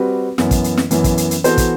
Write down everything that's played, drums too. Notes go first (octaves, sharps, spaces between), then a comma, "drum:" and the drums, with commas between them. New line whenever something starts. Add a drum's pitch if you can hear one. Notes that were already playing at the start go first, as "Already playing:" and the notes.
Already playing: G3 C4 F#4 B4
F#2 E3 B3, drum: snare
drum: kick, hi-hat
drum: hi-hat
drum: snare
F#2 E3 B3, drum: hi-hat
drum: kick, hi-hat
drum: hi-hat
drum: hi-hat
E3 B3 F#4 A4 C5, drum: hi-hat
drum: kick, hi-hat